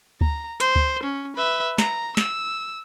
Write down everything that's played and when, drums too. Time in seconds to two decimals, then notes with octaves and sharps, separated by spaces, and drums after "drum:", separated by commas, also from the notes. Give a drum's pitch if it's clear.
0.21 A#5, drum: kick D2
0.60 C5, drum: hi-hat
0.76 drum: kick D2
1.03 C#4
1.37 B4 E5
1.78 A#5, drum: snare
2.17 E6, drum: snare